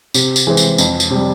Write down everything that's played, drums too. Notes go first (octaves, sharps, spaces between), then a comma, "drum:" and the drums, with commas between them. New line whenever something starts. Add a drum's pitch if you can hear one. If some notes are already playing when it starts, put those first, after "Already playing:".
C3, drum: tambourine
drum: tambourine
E3 G#3 C4
drum: tambourine
F2, drum: tambourine
drum: tambourine
C3 G3